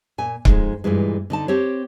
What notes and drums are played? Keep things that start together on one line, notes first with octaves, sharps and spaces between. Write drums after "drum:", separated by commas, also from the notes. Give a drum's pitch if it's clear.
A#2 G#5
F2 G#3 D#4, drum: kick C#1
G2 A#2 E3 G#3
D3 D#4 A5
C4 G4 C#5